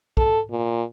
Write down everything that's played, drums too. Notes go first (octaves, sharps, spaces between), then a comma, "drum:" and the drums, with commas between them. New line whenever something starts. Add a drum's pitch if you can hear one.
A4, drum: kick
A#2